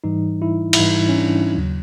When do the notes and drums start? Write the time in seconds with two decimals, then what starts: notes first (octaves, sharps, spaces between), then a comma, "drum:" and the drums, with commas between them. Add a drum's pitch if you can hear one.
0.04 G#2 E3 G3 D#4
0.42 E4
0.73 E4, drum: cymbal
0.79 G#2 E3 G3 D#4
1.09 C#4
1.18 D4
1.55 D#2 C#3 F#3